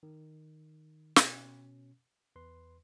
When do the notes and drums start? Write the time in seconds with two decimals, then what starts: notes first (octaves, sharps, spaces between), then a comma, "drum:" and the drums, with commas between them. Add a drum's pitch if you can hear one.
0.03 D#3
1.16 B2 C#4, drum: snare
2.36 E2 B4 C6